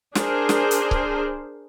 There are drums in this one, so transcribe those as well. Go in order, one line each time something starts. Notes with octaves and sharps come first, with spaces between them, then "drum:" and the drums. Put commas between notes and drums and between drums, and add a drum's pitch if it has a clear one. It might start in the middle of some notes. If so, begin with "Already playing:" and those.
D4 G#4 A#4 C5, drum: snare
drum: snare
drum: hi-hat
drum: kick C#1